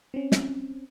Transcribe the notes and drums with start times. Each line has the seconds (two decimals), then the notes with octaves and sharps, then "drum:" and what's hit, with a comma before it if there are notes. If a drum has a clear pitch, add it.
0.14 C4 C#4
0.32 drum: snare